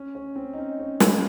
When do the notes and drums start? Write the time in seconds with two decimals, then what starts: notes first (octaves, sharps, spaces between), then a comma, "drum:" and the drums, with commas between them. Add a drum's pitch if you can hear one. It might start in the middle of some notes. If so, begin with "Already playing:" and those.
Already playing: C#4
0.15 C#4
0.36 C4
0.53 D#4
0.58 C#4
0.79 C#4
1.00 C#4 F4, drum: snare